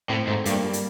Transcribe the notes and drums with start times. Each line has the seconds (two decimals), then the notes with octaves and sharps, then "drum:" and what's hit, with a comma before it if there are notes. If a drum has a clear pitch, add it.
0.09 A2 C4
0.27 G#2 A3
0.45 G2 A#3, drum: hi-hat
0.64 G3
0.73 drum: hi-hat